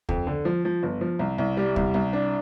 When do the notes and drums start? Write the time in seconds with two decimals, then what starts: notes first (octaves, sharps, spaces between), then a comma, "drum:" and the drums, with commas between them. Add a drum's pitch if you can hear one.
0.09 F2, drum: kick
0.27 D3
0.45 F3
0.65 F3
0.83 G1
1.01 F3
1.19 C2
1.38 C2
1.57 G3
1.76 C2, drum: kick
1.94 C2
2.13 D4